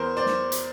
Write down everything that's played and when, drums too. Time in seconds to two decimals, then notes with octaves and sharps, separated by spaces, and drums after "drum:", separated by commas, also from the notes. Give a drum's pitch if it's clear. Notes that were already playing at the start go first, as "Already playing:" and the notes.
Already playing: E2 A#4 C5
0.17 C5 D5
0.26 drum: snare
0.52 drum: hi-hat